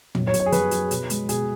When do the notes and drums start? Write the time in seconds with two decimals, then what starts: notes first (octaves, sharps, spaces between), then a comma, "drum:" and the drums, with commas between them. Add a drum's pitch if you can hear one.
0.15 F#2, drum: tom
0.27 C#5
0.34 F#3, drum: hi-hat
0.40 C#5
0.46 G#4
0.52 F#2 B4, drum: hi-hat
0.71 F#3, drum: hi-hat
0.91 B2, drum: hi-hat
1.10 G#3, drum: hi-hat
1.29 B2 G#4, drum: hi-hat